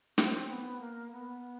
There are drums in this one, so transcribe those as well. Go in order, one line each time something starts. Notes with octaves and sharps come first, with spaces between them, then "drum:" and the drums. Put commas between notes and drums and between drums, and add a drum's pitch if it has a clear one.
C4, drum: snare
B3
A#3
B3